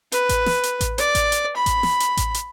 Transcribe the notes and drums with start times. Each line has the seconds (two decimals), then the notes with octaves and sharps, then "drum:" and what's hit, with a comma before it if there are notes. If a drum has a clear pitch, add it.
0.12 B4, drum: hi-hat
0.29 drum: kick A1, hi-hat
0.46 drum: snare
0.63 drum: hi-hat
0.81 drum: kick A1, hi-hat
0.98 D5, drum: hi-hat
1.15 drum: kick A1, hi-hat
1.32 drum: hi-hat
1.57 B5
1.66 drum: kick A1, hi-hat
1.83 drum: snare
2.00 drum: hi-hat
2.17 drum: kick A1, hi-hat
2.34 drum: hi-hat